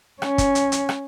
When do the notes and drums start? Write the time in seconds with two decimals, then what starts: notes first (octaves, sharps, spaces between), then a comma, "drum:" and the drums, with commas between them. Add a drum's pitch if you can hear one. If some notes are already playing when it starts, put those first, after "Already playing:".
0.22 C#4, drum: rim click
0.38 drum: kick, hi-hat
0.55 drum: hi-hat
0.72 drum: hi-hat
0.89 drum: rim click